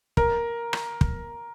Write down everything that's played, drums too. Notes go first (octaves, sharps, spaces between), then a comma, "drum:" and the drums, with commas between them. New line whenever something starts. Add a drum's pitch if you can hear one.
A#4, drum: kick
drum: rim click
drum: kick